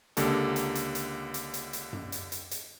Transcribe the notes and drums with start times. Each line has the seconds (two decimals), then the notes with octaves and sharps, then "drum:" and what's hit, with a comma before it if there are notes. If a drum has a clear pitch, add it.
0.17 C#2 D3 A#3 G4 A4, drum: hi-hat
0.56 drum: hi-hat
0.75 drum: hi-hat
0.95 drum: hi-hat
1.34 drum: hi-hat
1.54 drum: hi-hat
1.73 drum: hi-hat
1.93 drum: tom F#2
2.12 drum: hi-hat
2.32 drum: hi-hat
2.51 drum: hi-hat